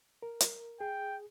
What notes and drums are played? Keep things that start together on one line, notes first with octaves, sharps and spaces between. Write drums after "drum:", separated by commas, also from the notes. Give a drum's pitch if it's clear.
A#4
drum: hi-hat
G#4 G5